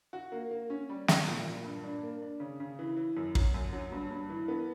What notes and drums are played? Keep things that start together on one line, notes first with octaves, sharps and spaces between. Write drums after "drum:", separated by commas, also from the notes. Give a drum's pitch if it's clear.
F#4
A#3
A#3
C#4
G3
G3, drum: snare
A#2
A#2
G2
D4
A#3
D4
C#3
C#3
E3
E3
F#2
F#3, drum: kick
F#2
F#3
G2
G2
E3
B3